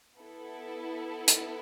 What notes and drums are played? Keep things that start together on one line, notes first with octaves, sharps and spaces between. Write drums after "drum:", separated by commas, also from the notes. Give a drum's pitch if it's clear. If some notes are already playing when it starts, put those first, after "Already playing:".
B3 E4 A4
drum: hi-hat